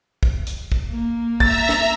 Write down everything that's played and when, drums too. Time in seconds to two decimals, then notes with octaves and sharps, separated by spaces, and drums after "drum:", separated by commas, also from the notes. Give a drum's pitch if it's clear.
0.23 drum: kick
0.47 drum: hi-hat
0.72 drum: kick
0.91 A#3
1.40 E5 A#5 E6 A6, drum: kick
1.69 drum: snare